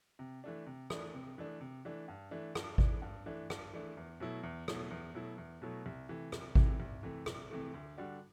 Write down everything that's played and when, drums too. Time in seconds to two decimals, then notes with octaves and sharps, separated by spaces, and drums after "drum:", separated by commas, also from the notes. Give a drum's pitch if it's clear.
0.19 C3
0.44 E3 A3 D4
0.66 C3
0.90 E3 A3 D4, drum: rim click
1.14 C3
1.38 E3 A3 D4
1.61 C3
1.85 E3 A3 D4
2.08 G2
2.31 E3 A3 D4
2.55 G2, drum: rim click
2.78 E3 A3 D4, drum: kick G#1
3.02 G2
3.26 E3 A3 D4
3.50 G2, drum: rim click
3.73 E3 A3 D4
3.97 E2
4.20 B2 F#3 A3 E4
4.43 E2
4.68 B2 F#3 A3 E4, drum: rim click
4.90 E2
5.14 B2 F#3 A3 E4
5.38 E2
5.62 B2 F#3 A3 E4
5.86 C2
6.09 C3 E3 A3
6.32 C2, drum: rim click
6.55 C3 E3 A3, drum: kick G#1
6.80 C2
7.03 C3 E3 A3
7.26 C2, drum: rim click
7.51 C3 E3 A3
7.74 D2
7.98 D3 G3 D4 F#4